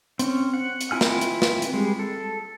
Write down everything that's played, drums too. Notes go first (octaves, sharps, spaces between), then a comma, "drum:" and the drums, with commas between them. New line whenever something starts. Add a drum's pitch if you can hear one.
C4 C#4, drum: hi-hat
F#5
drum: hi-hat
C4 E4 F4 G#5 F6
drum: snare
drum: hi-hat
drum: snare
drum: hi-hat
G3 G#3
A4